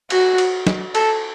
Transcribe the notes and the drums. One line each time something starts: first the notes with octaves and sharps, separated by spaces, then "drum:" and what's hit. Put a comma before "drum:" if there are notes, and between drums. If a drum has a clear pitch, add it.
F#4, drum: cymbal
drum: cymbal
drum: snare
A4, drum: cymbal